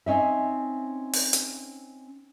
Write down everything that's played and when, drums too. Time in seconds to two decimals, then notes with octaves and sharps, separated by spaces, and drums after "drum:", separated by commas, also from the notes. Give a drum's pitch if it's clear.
0.06 C4 C#4 D#4 E5
1.13 drum: open hi-hat
1.33 drum: hi-hat